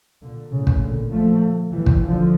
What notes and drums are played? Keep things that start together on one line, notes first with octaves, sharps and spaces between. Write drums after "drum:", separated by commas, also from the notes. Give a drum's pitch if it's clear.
A#2 D3
A2 C#3
drum: kick
A#2 D3
F3 A3
E3 G3
drum: kick
D3 F3